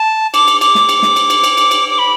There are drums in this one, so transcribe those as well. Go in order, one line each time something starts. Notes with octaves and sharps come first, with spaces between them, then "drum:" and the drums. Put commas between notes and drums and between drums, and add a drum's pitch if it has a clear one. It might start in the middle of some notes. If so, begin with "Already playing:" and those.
Already playing: A5
D6, drum: cymbal
drum: cymbal
D6, drum: cymbal
drum: snare
drum: cymbal
drum: snare
drum: cymbal
drum: cymbal
drum: cymbal
drum: cymbal
drum: cymbal
D6
B5